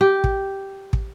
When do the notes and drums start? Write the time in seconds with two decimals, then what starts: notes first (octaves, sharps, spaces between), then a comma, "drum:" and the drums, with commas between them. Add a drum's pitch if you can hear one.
0.01 G4
0.24 drum: kick
0.93 drum: kick